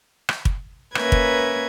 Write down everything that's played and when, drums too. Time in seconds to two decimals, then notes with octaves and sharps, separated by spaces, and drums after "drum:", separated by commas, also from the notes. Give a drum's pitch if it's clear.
0.29 drum: rim click
0.45 drum: kick
0.95 A#3 C#4 A#4 B4 E5 G#6, drum: rim click
1.12 drum: kick